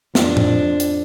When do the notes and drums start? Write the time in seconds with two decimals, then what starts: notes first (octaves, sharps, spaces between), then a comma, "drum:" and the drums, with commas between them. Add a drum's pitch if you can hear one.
0.15 F2 D4, drum: snare
0.37 drum: tom A2
0.80 drum: hi-hat